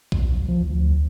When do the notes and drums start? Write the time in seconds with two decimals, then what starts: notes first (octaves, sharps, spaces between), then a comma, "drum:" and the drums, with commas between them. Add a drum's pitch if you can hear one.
0.12 B1, drum: kick
0.48 F3
0.63 D2